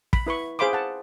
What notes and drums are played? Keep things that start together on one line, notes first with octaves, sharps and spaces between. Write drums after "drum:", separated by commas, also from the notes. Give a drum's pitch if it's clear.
B5, drum: kick
E4 B4 B5 C#6
G#4 C5 F5 B5 C6 D6
F#5 A5